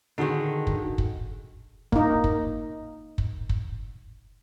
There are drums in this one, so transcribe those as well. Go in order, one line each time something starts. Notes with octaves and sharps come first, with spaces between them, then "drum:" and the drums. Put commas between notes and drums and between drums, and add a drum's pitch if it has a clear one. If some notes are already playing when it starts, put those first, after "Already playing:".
D3 D#3 D#4 F#4 G#4
drum: kick
drum: kick
A#3 D#4, drum: kick
drum: kick
drum: kick
drum: kick